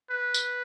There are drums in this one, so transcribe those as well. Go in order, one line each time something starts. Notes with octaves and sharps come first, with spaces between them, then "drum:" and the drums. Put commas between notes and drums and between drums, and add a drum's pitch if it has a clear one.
B4
drum: tambourine